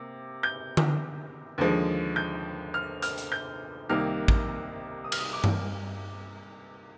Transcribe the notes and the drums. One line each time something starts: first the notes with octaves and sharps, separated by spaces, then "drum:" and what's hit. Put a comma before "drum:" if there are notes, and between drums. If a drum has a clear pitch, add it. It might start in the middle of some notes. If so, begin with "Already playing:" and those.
Already playing: C3 A#3
G6
drum: tom D3
D#2 D3 F3 G#3
G6
F6
F6, drum: hi-hat
drum: hi-hat
G6
C2 C3 D#3 A#3 D#4 F6
drum: kick
D#6
F6, drum: cymbal
D#6
D6
drum: tom G2